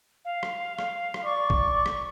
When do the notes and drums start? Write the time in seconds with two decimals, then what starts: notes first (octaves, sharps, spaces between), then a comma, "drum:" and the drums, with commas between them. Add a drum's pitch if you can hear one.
0.25 F5
0.43 drum: rim click
0.79 drum: rim click
1.14 drum: rim click
1.25 D5 C#6
1.50 drum: kick B1
1.86 drum: rim click